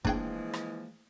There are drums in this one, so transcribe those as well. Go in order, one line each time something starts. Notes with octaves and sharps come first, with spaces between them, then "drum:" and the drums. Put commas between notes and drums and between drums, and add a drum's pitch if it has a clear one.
E3 F3 G#3 A#3 D4 G#4 G5, drum: kick
drum: rim click